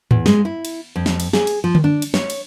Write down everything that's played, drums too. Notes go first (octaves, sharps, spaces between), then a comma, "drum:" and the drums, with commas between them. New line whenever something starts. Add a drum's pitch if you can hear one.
E2, drum: tom G#2
G#3, drum: snare
E4
drum: cymbal
F2
drum: snare
drum: cymbal
G#4, drum: snare
drum: cymbal
F3
drum: tom D3
D4
drum: cymbal
C#5, drum: snare
drum: cymbal